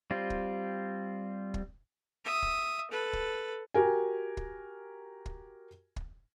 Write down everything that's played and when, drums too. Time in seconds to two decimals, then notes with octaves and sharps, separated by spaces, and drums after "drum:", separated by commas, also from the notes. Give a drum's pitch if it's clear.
0.11 G3 C4 F4
0.30 drum: kick
1.54 drum: kick
2.25 E5 D#6
2.42 drum: kick
2.90 A4 B4
3.13 drum: kick
3.74 F#4 G4 A#4 G#5
4.37 drum: kick
5.26 drum: kick
5.96 drum: kick